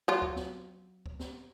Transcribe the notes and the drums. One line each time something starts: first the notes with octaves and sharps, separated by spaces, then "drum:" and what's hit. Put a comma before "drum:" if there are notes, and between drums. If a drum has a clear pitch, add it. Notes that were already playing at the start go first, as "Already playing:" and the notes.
F#3 F4
drum: kick C#2
drum: snare
drum: kick C#2
drum: snare